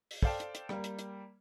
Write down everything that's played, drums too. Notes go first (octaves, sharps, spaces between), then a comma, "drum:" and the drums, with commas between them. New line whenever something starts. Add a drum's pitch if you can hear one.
drum: open hi-hat
A4 C5 D5 F5 G5 A5, drum: kick
drum: hi-hat
drum: hi-hat
G3 A#3, drum: rim click
drum: hi-hat
drum: hi-hat